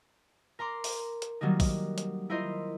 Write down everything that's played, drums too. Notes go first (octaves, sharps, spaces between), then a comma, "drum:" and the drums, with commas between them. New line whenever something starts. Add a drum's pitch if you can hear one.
A#4 A#5 C6 D6
drum: open hi-hat
drum: hi-hat
D#3 F#3 G3 A#3 D#4
drum: kick A#1, open hi-hat
drum: hi-hat
E4 F4 A#4 C5 D#5